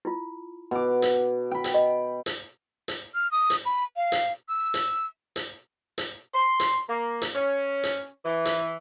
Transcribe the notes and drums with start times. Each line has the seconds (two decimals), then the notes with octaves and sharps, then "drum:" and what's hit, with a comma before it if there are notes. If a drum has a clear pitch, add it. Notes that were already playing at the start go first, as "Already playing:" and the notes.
0.05 E4 F4
0.71 B2 D6
1.02 drum: hi-hat
1.51 G5 B5
1.64 drum: hi-hat
1.74 D#5
2.26 drum: hi-hat
2.88 drum: hi-hat
3.15 F6
3.31 D#6
3.50 drum: hi-hat
3.65 B5
3.96 F5
4.12 drum: hi-hat
4.49 E6
4.74 drum: hi-hat
5.36 drum: hi-hat
5.98 drum: hi-hat
6.33 C6
6.60 drum: hi-hat
6.88 A#3
7.22 drum: hi-hat
7.35 C#4
7.84 drum: hi-hat
8.24 E3
8.45 drum: hi-hat